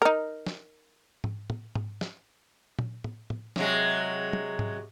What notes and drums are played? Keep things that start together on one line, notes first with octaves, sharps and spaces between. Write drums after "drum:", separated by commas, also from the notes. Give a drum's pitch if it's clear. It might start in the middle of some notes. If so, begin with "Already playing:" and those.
D#4 A#4
drum: snare
drum: tom G#2
drum: tom
drum: tom G#2
drum: snare
drum: tom A#2
drum: tom
drum: tom
C3 F#3 G#3, drum: snare
drum: tom
drum: tom G#2